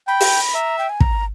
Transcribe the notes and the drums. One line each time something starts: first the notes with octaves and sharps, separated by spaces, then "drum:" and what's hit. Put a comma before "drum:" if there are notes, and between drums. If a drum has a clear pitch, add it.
G5 B5
drum: open hi-hat
E5 A#5
G5
G#5
A#5, drum: kick